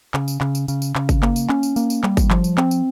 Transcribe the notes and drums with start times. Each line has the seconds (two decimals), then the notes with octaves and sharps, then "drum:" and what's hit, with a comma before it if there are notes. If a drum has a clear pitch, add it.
0.14 C#3, drum: clap
0.28 drum: tambourine
0.41 C#3, drum: clap
0.55 drum: tambourine
0.68 C#3, drum: tambourine
0.82 drum: tambourine
0.95 C#3, drum: clap
1.09 drum: kick G1, tambourine
1.23 A#3, drum: clap
1.36 drum: tambourine
1.49 C#4, drum: clap
1.63 drum: tambourine
1.76 A#3, drum: tambourine
1.90 drum: tambourine
2.04 G3, drum: clap
2.17 drum: kick G1, tambourine
2.30 F3, drum: clap
2.44 drum: tambourine
2.58 C4, drum: clap
2.71 drum: tambourine